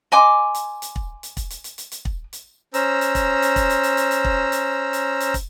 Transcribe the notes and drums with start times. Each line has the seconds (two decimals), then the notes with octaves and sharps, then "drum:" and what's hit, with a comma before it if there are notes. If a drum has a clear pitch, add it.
0.12 D#5 G#5 C6 D6
0.54 drum: hi-hat
0.82 drum: hi-hat
0.96 drum: kick
1.23 drum: hi-hat
1.37 drum: kick, hi-hat
1.50 drum: hi-hat
1.64 drum: hi-hat
1.78 drum: hi-hat
1.92 drum: hi-hat
2.05 drum: kick
2.33 drum: hi-hat
2.74 C#4 C5 A#5 E6, drum: hi-hat
3.01 drum: hi-hat
3.15 drum: kick, hi-hat
3.42 drum: hi-hat
3.56 drum: kick, hi-hat
3.70 drum: hi-hat
3.83 drum: hi-hat
3.97 drum: hi-hat
4.11 drum: hi-hat
4.25 drum: kick
4.52 drum: hi-hat
4.93 drum: hi-hat
5.20 drum: hi-hat
5.34 drum: kick, hi-hat